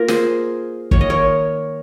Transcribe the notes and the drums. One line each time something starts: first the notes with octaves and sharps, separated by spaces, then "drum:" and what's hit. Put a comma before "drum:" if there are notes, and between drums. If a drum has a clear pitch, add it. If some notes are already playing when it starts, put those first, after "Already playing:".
Already playing: A#3 F4 A#4
G#4 C5, drum: snare
D#3 A#3 C#5, drum: kick
D#5
A#4 C#5